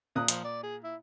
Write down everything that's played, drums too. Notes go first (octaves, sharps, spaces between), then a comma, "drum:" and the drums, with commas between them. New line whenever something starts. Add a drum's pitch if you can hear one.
A#2 D#6 F#6
F3, drum: hi-hat
D5
G#4
E4